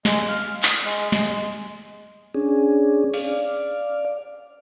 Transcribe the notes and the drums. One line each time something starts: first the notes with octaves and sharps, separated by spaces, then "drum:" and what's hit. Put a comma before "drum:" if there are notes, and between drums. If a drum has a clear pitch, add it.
G#3, drum: snare
F5
D#6, drum: clap
G#3
G#3, drum: snare
C#4 D4 G#4
D5 F5, drum: open hi-hat